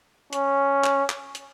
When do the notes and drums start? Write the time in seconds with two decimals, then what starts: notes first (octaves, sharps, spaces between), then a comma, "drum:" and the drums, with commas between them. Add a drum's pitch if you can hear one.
0.33 C#4, drum: hi-hat
0.84 drum: clap
1.09 drum: clap
1.35 drum: hi-hat